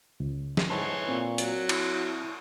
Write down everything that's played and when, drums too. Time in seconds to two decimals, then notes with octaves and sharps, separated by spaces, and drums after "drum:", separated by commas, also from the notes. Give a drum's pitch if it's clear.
0.20 C#2
0.57 drum: snare
0.70 G#2 E3 C#5 A5 C6
1.08 A#2 C4
1.38 F#3, drum: hi-hat
1.69 E4, drum: cymbal